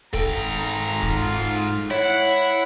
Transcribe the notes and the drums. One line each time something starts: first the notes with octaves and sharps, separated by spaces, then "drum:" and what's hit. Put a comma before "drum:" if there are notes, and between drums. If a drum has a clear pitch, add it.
G#2 A4 G5 A#5, drum: kick D#1
F4, drum: kick D#1
drum: hi-hat
E4 C#5 F#5